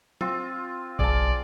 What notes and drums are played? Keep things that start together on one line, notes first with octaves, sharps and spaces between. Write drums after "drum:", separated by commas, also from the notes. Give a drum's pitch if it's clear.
C4 F4, drum: tom
B1 G#4 D5 A5, drum: kick F#1